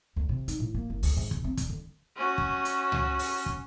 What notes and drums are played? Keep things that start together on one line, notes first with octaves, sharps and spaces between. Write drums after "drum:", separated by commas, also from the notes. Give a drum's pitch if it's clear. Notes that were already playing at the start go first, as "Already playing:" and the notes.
D2
C3
D#4, drum: hi-hat
A2
A#3
F#1
D2, drum: open hi-hat
G#2
B1, drum: kick
C4
D#1, drum: kick, hi-hat
D3
C#4 F#4
drum: kick
drum: hi-hat
drum: tom C#2
drum: open hi-hat
drum: kick